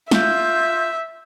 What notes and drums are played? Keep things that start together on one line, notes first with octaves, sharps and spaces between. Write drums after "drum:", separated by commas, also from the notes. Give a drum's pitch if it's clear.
F4 E5 G6, drum: snare